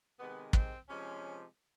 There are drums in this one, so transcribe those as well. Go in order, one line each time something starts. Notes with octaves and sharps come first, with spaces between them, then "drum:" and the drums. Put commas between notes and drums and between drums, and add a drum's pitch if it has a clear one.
C3 D#3 G#3 B3
C4, drum: kick
C3 F3 G#3 C#4